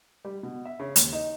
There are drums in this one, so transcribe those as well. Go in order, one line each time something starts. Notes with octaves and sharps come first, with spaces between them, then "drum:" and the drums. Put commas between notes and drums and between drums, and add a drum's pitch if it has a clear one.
G3
B2
E5
C#3
D#2, drum: hi-hat
D#4